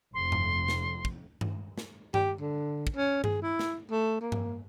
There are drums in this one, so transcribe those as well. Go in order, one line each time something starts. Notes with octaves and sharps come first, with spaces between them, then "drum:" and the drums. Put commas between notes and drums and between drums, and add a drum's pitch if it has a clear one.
F1 F2 C6
drum: tom G2
drum: snare
drum: kick
drum: tom G2
drum: snare
G4, drum: tom G2
D3
drum: kick
C#4
G#4, drum: tom G2
E4
drum: snare
A3
A#3
drum: tom G2